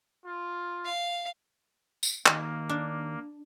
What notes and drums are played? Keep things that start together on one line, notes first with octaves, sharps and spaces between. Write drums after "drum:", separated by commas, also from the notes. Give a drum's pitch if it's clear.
F4
F5
drum: tambourine
D#2 D#3 A#3, drum: clap
D4